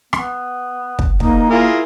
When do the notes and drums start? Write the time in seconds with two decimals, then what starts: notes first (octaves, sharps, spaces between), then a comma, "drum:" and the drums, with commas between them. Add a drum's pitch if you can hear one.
0.13 B3, drum: rim click
0.99 drum: kick
1.20 A#3 D#4, drum: kick
1.50 E4 F4 G#4 A#4